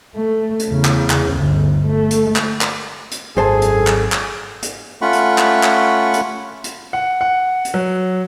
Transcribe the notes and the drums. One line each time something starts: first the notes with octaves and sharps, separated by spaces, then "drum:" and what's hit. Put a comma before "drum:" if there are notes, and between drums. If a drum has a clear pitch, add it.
A3
drum: hi-hat
E2 C#3
drum: clap
drum: clap
G1 D2
A3
drum: hi-hat
drum: clap
drum: clap
drum: hi-hat
G#1 F#2 G#4 A4 C5 A5
drum: hi-hat
drum: clap
drum: clap
drum: hi-hat
A3 C#4 F4 F#5 B5 C#6
drum: hi-hat
drum: clap
drum: clap
drum: hi-hat
drum: hi-hat
F#5
F#5
drum: hi-hat
F#3